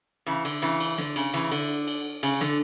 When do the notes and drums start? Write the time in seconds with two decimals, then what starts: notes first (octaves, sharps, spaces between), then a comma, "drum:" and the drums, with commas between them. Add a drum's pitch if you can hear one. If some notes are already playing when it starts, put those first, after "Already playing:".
0.26 C#3 E3
0.45 D3, drum: cymbal
0.62 C#3 E3
0.80 drum: cymbal
0.98 D3, drum: snare
1.16 C#3, drum: cymbal
1.34 C#3 E3
1.51 D3, drum: cymbal
1.87 drum: cymbal
2.23 C#3, drum: cymbal
2.41 D3, drum: snare